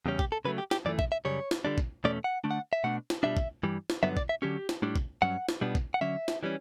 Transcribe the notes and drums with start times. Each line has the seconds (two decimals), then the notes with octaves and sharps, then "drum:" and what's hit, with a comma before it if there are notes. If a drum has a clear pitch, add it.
0.06 E2 C#3 G3 C#4
0.19 G4, drum: kick
0.32 A4
0.45 C#3 F#3 A3 B4
0.58 G4
0.71 G4, drum: snare
0.85 F#2 E3 A3 D5
0.99 E5, drum: kick
1.12 E5
1.25 F#2 C#3 G3 C#5
1.51 drum: snare
1.65 D3 G3 D4
1.78 drum: kick
2.04 E2 B2 A3 C#4 D5
2.24 F#5
2.44 D3 A3 D4
2.51 F#5
2.73 E5
2.84 B2 A3 D4 F#5
3.10 drum: snare
3.23 B2 G3 D4 E5
3.37 drum: kick
3.63 G2 E3 G3
3.90 drum: snare
4.03 G2 D3 F#3 B3 E5
4.17 D5, drum: kick
4.29 E5
4.42 D3 F#3 C#4 G4
4.69 drum: snare
4.82 A2 G3 D4
4.96 drum: kick
5.22 G2 F#3 C#4 F#5
5.49 drum: snare
5.61 B2 G3 B3 D4
5.75 drum: kick
5.94 F#5
6.01 D3 F#3 C#4 E5
6.28 drum: snare
6.43 E3 G3 C#4